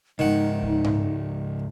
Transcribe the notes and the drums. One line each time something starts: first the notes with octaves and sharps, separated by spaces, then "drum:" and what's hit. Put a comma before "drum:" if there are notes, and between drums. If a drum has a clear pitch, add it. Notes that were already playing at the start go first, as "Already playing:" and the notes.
C#2 G#2 D#3 D#4 F#5
drum: kick C#2
drum: tom G#2